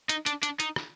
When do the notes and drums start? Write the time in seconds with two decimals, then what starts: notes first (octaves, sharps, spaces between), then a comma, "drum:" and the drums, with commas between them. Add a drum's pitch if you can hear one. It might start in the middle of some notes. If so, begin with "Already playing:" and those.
0.09 D#4, drum: hi-hat
0.26 D4, drum: hi-hat
0.43 D4, drum: hi-hat
0.60 D#4, drum: hi-hat
0.76 drum: rim click